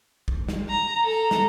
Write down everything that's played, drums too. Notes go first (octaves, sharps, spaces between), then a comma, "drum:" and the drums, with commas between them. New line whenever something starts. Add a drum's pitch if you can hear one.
drum: kick
drum: snare
A#5
A4 A#5
drum: snare